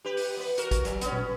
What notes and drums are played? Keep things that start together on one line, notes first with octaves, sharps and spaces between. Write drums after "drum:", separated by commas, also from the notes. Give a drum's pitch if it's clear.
G4 B4
drum: open hi-hat
B3 B4
F#4 A#4, drum: hi-hat
drum: kick, hi-hat
F#3, drum: hi-hat
B3 C#4, drum: hi-hat
drum: tom A#2